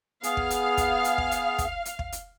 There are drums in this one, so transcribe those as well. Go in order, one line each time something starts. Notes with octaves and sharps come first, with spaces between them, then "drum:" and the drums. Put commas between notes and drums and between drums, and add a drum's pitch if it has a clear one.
B3 G#4 F5 F6, drum: hi-hat
drum: kick
drum: hi-hat
drum: kick, hi-hat
drum: hi-hat
drum: kick
drum: hi-hat
drum: kick, hi-hat
drum: hi-hat
drum: kick
drum: hi-hat